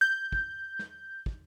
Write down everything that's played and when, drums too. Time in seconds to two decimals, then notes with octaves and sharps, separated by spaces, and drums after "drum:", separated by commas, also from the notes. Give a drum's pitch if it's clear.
0.01 G6
0.32 drum: kick
0.79 drum: snare
1.26 drum: kick